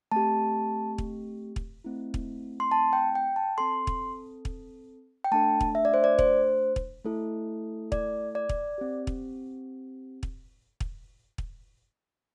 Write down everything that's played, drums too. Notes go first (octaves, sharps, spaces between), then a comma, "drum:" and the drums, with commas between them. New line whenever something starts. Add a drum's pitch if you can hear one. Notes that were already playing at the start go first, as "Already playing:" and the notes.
A3 C4 G4 A5
drum: kick
drum: kick
A3 C4 E4
drum: kick
C6
A5
G5
G5
A5
C4 A4 C6
drum: kick
drum: kick
G5
A3 D4 A4 A5
drum: kick
E5
D5
C5
D5
C5, drum: kick
drum: kick
A3 E4 A4
D5, drum: kick
D5
drum: kick
C4 G4
drum: kick
drum: kick
drum: kick
drum: kick